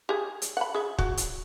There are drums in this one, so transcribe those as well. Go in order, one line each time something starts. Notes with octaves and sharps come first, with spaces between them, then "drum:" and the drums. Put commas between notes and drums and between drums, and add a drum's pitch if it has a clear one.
G4 G#4
drum: hi-hat
F#5 B5
G#4 E5
F#4, drum: kick
drum: hi-hat